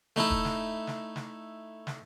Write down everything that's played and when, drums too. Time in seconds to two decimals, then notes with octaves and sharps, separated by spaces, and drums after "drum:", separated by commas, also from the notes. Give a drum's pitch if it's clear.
0.16 A3 D#4 E4 A4, drum: snare
0.30 drum: kick
0.45 drum: snare
0.87 drum: snare
1.16 drum: snare
1.87 drum: snare